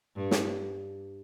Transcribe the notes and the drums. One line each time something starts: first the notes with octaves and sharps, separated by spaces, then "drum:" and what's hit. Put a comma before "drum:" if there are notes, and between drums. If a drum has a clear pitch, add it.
G2
drum: snare